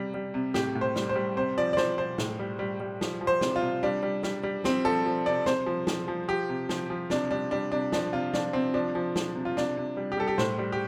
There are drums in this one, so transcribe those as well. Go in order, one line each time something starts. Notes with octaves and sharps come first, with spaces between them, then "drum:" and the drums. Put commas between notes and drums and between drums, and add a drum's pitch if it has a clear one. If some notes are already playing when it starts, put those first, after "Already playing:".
Already playing: C3 G3
G3
C3
A2 G4, drum: snare
A2
C5
G3, drum: snare
C5
G3
C3 C5
F3 D5
D5
F3 C5, drum: snare
F3 C5
A2, drum: snare
G3
G3
G3
F3, drum: snare
F3
C5
C3, drum: snare
F4
C3
G3 D4
G3
G3, drum: snare
G3
F3 C4, drum: snare
F3 A4
F3
C3 D5
C3 C5, drum: snare
F3
F3, drum: snare
F3
F3 G4
C3
F3, drum: snare
F3
C3 D4, drum: snare
G3 D4
G3 D4
C3 D4
F3 D4, drum: snare
C3 F4
F3 D4, drum: snare
C3 C4
F3 D4
F3
F3, drum: snare
C3
F4
C3 D4, drum: snare
C3
G3
G4
G3 A4
G4
A2 C5, drum: snare
G3
G4